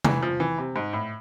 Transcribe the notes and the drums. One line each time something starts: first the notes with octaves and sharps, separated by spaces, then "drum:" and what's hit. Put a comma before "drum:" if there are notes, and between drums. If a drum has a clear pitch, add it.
E3, drum: tom C3
F3
E3
C3
G#2
A2